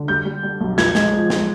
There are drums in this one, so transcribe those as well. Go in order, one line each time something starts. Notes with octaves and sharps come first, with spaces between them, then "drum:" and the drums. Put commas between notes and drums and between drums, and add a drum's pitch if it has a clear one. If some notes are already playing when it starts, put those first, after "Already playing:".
Already playing: D3
G3 G6
G3
G3
B1
F3 G#6, drum: snare
G#3, drum: snare
F3
drum: snare